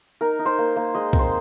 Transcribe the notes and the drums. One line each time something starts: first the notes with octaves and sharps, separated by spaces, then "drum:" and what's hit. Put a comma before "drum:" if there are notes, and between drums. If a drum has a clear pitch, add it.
D#4 A#4
D#4
C5
A#3
A#3
G#3 D#5
C4, drum: kick C2
C5